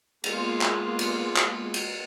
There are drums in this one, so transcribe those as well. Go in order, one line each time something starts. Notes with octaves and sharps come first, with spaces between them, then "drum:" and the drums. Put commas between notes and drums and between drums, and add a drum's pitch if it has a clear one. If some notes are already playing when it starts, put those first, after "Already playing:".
G#3 A#3 B3 F4, drum: cymbal
drum: clap
drum: cymbal
drum: clap
drum: cymbal